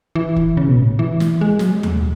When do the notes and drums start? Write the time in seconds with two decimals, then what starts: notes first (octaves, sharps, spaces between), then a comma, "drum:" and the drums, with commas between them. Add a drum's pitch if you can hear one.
0.15 E3
0.36 drum: kick
0.57 C#3
0.68 B2
0.79 A2
0.99 E3
1.20 drum: snare
1.41 G#3
1.59 F#3, drum: snare
1.71 G#3
1.83 A3, drum: tom D#2